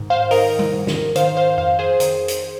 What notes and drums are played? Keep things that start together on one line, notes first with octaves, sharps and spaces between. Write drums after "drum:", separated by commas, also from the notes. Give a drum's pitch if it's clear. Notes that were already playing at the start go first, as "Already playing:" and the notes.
Already playing: G#2 D#3
C5 F5
D#3 A#4 D#5, drum: open hi-hat
drum: tom G3
G#2
drum: snare
D#3 C5 F5, drum: hi-hat
C5 F5
F2 C5 F5
G#4 C5
D#3, drum: hi-hat
drum: hi-hat